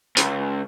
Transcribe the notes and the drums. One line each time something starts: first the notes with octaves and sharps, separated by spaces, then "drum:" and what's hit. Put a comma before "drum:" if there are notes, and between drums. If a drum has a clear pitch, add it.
C#2, drum: hi-hat